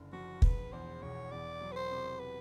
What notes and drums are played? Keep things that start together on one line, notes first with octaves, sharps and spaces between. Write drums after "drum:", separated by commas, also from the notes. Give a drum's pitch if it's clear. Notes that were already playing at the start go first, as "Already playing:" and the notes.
Already playing: F#1 D3
F3 F#4
E1 B4, drum: kick
E2 C5
E1 C#5
E2 D5
F#3
B4
C5
C3
B4